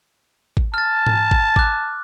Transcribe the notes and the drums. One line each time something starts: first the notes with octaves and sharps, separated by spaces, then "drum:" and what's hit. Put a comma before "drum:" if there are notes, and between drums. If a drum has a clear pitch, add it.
drum: kick G#1
A5 F6 A6
drum: tom G#2
drum: kick G#1
D6 F#6, drum: kick G#1